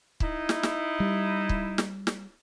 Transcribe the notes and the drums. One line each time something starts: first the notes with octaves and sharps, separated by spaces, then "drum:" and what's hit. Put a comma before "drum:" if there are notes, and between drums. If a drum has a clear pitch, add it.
D#4 E4, drum: kick
drum: snare
drum: snare
G3
drum: kick
drum: snare
drum: snare